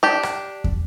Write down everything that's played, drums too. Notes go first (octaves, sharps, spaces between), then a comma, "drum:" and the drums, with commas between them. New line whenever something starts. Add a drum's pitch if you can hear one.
D4 G4
drum: rim click
drum: kick